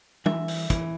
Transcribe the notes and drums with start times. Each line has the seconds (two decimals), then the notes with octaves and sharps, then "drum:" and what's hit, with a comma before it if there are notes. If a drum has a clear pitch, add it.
0.26 E3 E5, drum: tom
0.48 drum: open hi-hat
0.70 E3, drum: kick, hi-hat